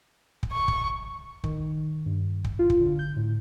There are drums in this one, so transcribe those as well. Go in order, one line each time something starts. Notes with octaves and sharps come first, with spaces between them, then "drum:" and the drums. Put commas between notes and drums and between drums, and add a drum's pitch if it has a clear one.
drum: kick
C#6
drum: kick
D#3, drum: kick
G2
drum: kick
F4
drum: kick
D3
G6
A2